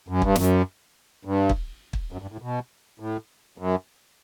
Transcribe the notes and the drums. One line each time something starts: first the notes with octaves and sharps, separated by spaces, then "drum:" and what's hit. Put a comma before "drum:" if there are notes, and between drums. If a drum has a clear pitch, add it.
F#2
G2, drum: kick
F#2, drum: snare
G2
drum: kick
drum: kick
F#2
G2
A2
B2
A2
F#2